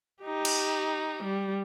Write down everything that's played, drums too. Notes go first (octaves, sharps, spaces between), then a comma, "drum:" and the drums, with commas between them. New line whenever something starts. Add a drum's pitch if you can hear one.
D#4 G4
drum: cymbal
G3